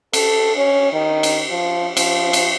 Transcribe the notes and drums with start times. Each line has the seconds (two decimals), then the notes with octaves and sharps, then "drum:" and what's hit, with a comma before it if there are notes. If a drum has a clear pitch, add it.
0.13 A4, drum: cymbal
0.56 C#4
0.93 D#3
1.23 drum: cymbal
1.51 F3
1.97 F3, drum: cymbal
2.33 drum: cymbal